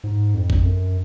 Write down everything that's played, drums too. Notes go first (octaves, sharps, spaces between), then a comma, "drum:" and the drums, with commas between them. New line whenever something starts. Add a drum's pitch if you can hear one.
G#2
F2
drum: kick
F#2